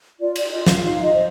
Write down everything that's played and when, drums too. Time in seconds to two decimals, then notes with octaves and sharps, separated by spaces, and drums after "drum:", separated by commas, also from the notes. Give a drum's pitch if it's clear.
0.20 F4 D5
0.36 D5, drum: cymbal
0.51 F4 D#5
0.67 F5, drum: snare
0.83 D#4 F5
1.03 D#5
1.13 C5